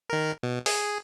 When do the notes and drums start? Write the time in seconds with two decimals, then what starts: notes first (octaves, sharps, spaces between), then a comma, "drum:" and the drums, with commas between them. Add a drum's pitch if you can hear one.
0.10 D#3 A#4
0.43 B2
0.66 G#4, drum: open hi-hat